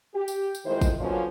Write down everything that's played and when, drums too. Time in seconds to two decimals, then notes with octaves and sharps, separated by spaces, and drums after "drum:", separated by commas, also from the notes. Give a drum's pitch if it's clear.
0.14 G4
0.28 drum: tambourine
0.55 drum: tambourine
0.65 F2 D#3 G#3 E4 C5
0.81 drum: kick G#1, tambourine
1.00 D3 F3 F#3 A#3 B3 C#4